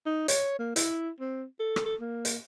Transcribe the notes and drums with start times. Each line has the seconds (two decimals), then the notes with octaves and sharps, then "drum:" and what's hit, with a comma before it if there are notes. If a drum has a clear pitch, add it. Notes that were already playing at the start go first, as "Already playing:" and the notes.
0.06 D#4
0.28 C#5, drum: hi-hat
0.59 A#3
0.76 E4, drum: hi-hat
1.20 C4
1.59 A4
1.76 drum: rim click
1.86 A4
2.01 A#3
2.25 drum: hi-hat